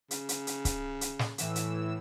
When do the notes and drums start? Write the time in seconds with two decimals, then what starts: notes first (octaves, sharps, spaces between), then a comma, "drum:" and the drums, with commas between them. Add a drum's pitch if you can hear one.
0.11 C#3, drum: hi-hat
0.29 drum: hi-hat
0.47 drum: hi-hat
0.65 drum: kick C#1, hi-hat
1.01 drum: hi-hat
1.19 drum: snare
1.38 A2 E3 E6, drum: hi-hat
1.55 drum: hi-hat